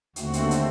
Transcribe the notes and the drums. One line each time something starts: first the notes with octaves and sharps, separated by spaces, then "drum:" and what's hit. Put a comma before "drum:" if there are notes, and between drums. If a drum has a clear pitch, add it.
D#2 D3 A3 C4 F#4, drum: hi-hat
drum: hi-hat
drum: hi-hat